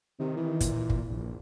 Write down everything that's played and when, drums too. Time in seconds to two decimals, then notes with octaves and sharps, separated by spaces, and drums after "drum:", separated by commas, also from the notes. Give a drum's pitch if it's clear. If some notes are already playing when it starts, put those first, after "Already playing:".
0.20 C3 D#3
0.37 E3
0.60 A#2, drum: kick, hi-hat
0.90 drum: kick
1.10 A#1